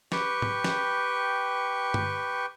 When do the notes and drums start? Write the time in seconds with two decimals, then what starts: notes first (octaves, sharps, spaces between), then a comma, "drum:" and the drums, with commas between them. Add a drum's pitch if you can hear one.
0.12 G4 B4 G5 C#6, drum: snare
0.42 drum: tom G#2
0.64 drum: snare
1.94 drum: tom G2